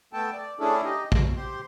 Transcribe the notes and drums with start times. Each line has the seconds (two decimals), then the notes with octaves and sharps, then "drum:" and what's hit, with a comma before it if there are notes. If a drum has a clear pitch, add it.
0.13 A3 B3 A4 G5 A5
0.33 D5
0.60 A3 C#4 D4 E4 G#4 A4
0.84 D#4 G4 D#5
1.12 B2, drum: kick
1.37 G4 C5 C6